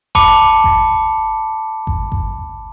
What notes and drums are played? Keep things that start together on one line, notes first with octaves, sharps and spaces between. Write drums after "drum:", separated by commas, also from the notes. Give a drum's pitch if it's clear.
A5 B5 D6 C#7, drum: kick G1
drum: kick G1
drum: kick G1
drum: kick G1